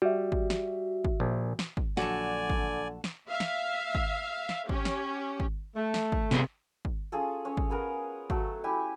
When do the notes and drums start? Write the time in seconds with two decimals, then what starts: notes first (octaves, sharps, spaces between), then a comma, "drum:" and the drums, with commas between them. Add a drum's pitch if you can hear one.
0.02 G3 F#4 E5
0.32 drum: kick
0.50 drum: snare
1.04 drum: kick
1.20 A#1
1.59 drum: snare
1.77 drum: kick
1.97 A#1 D3 F#3 F#4 A4 D5 G#5, drum: snare
2.50 drum: kick
3.04 drum: snare
3.30 E5 F5
3.40 drum: snare
3.95 drum: kick
4.49 drum: snare
4.69 C#4 G4, drum: kick
4.85 drum: snare
5.40 drum: kick
5.76 A3
5.94 drum: snare
6.12 drum: kick
6.31 C3 B3 G#4, drum: snare
6.85 drum: kick
7.12 C#4 F4 G#4 A4
7.45 C#4 C#5
7.57 drum: kick
7.70 B3 G#4 A#4
8.30 F#3 A3 A4, drum: kick
8.64 E4 G4 G#5